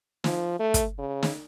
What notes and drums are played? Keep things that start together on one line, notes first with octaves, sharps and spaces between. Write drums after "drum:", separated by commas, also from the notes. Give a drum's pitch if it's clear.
F3, drum: snare
A3
drum: kick, hi-hat
C#3
drum: snare